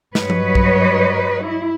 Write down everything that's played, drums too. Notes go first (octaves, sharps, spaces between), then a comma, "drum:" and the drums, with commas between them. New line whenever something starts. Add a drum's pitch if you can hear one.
G2 F#3 B4 C#5 D#5, drum: snare
drum: tom F3
drum: kick B1
E4